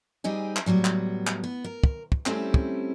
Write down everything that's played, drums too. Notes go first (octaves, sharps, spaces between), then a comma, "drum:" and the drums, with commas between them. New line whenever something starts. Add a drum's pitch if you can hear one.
G3 C4 D#4 G#4
drum: clap
A2 F#3 G3 B3
drum: clap
drum: clap
B3
A#4
drum: kick
drum: kick
G3 A3 C4 C#4 E4 G4, drum: clap
drum: kick